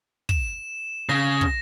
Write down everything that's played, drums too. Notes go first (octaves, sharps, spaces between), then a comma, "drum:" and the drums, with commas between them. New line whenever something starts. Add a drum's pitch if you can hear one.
E7, drum: kick
C#3 A#6
drum: kick